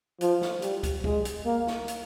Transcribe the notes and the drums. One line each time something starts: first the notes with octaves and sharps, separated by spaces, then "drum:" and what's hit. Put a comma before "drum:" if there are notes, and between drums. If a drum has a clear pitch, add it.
F3, drum: hi-hat
drum: snare
G3, drum: hi-hat
drum: kick, hi-hat
G#3, drum: kick
drum: hi-hat
A#3
drum: snare
drum: hi-hat